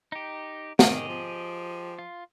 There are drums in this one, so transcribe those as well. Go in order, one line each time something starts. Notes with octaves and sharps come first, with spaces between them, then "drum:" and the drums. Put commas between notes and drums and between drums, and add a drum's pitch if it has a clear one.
D#4 G4
D#3 G4 G#4 D#5, drum: snare
F3
F4